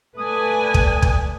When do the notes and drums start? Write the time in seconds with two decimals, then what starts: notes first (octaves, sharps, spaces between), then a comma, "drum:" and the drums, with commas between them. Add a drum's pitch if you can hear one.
0.18 A3 B4 D5 G#5 D#6
0.74 drum: kick
1.02 drum: kick